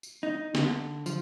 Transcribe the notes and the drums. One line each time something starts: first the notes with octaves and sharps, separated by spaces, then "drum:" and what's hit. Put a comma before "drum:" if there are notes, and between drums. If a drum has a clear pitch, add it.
drum: tambourine
D#4
D3, drum: snare
F3, drum: tambourine